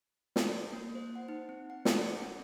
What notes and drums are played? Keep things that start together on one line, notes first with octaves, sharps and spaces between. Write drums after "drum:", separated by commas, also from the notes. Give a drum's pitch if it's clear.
drum: snare
A#3
C5
F#5
D#4
C4
F#5
C#7, drum: snare
A3
C#4